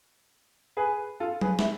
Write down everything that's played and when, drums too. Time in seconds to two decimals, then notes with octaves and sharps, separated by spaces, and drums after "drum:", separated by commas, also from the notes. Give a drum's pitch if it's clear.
0.77 G#4 B4
1.20 F4 A4
1.41 G#4 B4, drum: tom F#3
1.59 E4, drum: snare